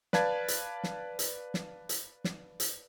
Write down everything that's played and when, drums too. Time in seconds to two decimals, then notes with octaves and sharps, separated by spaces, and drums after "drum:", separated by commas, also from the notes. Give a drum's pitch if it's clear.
0.13 B4 D5 F5 A5 G#6, drum: snare
0.48 drum: hi-hat
0.84 drum: snare
1.19 drum: hi-hat
1.54 drum: snare
1.89 drum: hi-hat
2.24 drum: snare
2.60 drum: hi-hat